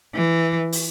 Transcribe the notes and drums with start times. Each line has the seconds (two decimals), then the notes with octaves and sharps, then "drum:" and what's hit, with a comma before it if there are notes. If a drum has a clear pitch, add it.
0.15 E3
0.72 drum: open hi-hat